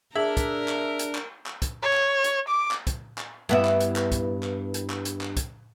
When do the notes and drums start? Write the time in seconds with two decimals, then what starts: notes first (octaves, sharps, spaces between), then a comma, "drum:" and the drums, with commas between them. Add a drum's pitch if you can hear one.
0.16 D4 G#4 A#4 E5 G#6 F#7
0.37 drum: kick, hi-hat
0.68 drum: clap
0.99 drum: hi-hat
1.15 drum: clap
1.46 drum: clap
1.62 drum: kick, hi-hat
1.83 C#5
1.93 drum: clap
2.24 drum: hi-hat
2.48 D6
2.71 drum: clap
2.87 drum: kick, hi-hat
3.18 drum: clap
3.49 G2 B3 E4
3.65 drum: clap
3.80 drum: hi-hat
3.96 drum: clap
4.12 drum: kick, hi-hat
4.43 drum: clap
4.74 drum: hi-hat
4.90 drum: clap
5.05 drum: hi-hat
5.21 drum: clap
5.37 drum: kick, hi-hat